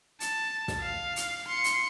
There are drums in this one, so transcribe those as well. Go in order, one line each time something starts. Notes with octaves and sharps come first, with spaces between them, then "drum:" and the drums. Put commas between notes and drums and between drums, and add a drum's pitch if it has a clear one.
A5, drum: hi-hat
drum: snare
F5
drum: hi-hat
C6 C#7
drum: hi-hat